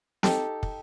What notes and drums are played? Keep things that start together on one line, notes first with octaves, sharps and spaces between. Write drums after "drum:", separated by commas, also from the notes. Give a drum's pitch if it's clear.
D#4 G4 A4, drum: snare
drum: kick